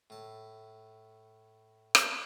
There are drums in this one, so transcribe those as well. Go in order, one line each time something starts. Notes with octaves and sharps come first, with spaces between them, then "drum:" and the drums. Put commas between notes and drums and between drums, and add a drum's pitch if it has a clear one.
A2 A5
drum: rim click